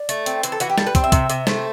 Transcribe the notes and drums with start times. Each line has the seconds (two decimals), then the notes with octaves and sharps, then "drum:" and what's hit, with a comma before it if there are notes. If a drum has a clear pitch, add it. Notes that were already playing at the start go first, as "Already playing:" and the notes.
Already playing: D5
0.09 A3, drum: hi-hat
0.26 C4, drum: hi-hat
0.43 E3 C5, drum: hi-hat
0.52 A4
0.60 E3 F#4, drum: hi-hat
0.70 G4
0.78 G3 A4, drum: snare
0.87 B4
0.95 C4 C5, drum: kick, hi-hat
1.04 E5
1.12 C3, drum: kick, hi-hat
1.30 C3, drum: hi-hat
1.47 A3 C5, drum: snare